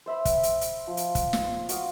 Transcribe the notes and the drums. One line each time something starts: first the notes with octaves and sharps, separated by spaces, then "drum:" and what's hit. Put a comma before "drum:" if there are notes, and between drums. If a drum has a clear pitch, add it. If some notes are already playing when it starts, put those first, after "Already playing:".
C5 E5 B5 C6
drum: kick, hi-hat
drum: hi-hat
drum: hi-hat
F3
drum: hi-hat
drum: kick, hi-hat
drum: snare
C6
F#4 F5 D#6, drum: hi-hat